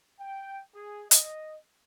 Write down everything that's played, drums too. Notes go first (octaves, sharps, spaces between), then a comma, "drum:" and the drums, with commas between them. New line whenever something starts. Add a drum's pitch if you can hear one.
G5
G#4
D#5, drum: hi-hat